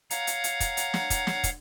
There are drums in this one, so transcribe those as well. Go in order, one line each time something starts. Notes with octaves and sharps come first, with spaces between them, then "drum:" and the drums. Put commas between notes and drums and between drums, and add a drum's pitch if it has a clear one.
C#5 F5 F#5 A#5, drum: hi-hat
drum: hi-hat
drum: hi-hat
drum: kick, hi-hat
drum: hi-hat
drum: snare
drum: kick, hi-hat
drum: snare
drum: kick, hi-hat